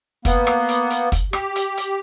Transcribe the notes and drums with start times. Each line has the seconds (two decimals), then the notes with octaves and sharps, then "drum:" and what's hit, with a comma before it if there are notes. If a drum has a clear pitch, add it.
0.25 A#3 B3, drum: kick, hi-hat
0.47 drum: rim click
0.68 drum: hi-hat
0.90 drum: hi-hat
1.12 drum: kick, hi-hat
1.33 G4, drum: rim click
1.56 drum: hi-hat
1.77 drum: hi-hat